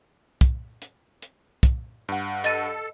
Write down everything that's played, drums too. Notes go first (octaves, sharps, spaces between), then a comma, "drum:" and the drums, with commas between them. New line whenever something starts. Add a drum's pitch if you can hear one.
drum: kick, hi-hat
drum: hi-hat
drum: hi-hat
drum: kick, hi-hat
G2 F#5
A4 D#5 A6 D#7, drum: hi-hat